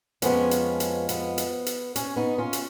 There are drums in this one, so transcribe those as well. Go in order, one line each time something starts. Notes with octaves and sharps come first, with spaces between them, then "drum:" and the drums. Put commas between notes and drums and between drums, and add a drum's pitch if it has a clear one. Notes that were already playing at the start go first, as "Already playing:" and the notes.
F2 F3 G#3 B3 C#4, drum: hi-hat
drum: hi-hat
drum: hi-hat
B3, drum: hi-hat
drum: hi-hat
drum: hi-hat
C#4, drum: hi-hat
B3 D#4
C#4 F4
drum: hi-hat